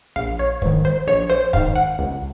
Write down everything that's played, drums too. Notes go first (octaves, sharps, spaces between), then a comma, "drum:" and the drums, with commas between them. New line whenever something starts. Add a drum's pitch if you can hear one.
A#1 F5
C#5
G#2 D#3, drum: kick
C5
A#1 C#5
C5
G#2 D#3 F5, drum: kick
F#5
C#2